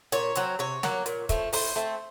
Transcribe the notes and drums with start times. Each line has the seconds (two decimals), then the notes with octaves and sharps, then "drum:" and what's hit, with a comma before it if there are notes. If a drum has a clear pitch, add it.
0.12 A#2 C#5, drum: hi-hat
0.35 F#3 C4, drum: hi-hat
0.59 C3 C#5
0.83 F#3 A#3, drum: snare
1.06 A#2, drum: hi-hat
1.29 F3 A3, drum: kick, hi-hat
1.53 A2 C5, drum: open hi-hat
1.76 A3 C4